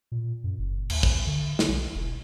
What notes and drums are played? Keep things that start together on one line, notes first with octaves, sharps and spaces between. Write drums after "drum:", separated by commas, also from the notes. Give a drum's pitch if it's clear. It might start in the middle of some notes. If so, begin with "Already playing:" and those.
A#2
F#2
F#1
D#2, drum: cymbal
drum: kick
D3
drum: snare
B1
E1